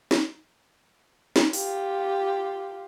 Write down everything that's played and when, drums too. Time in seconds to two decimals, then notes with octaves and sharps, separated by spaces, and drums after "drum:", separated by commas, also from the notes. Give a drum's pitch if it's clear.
0.11 drum: snare
1.36 drum: snare
1.53 F4 G4, drum: open hi-hat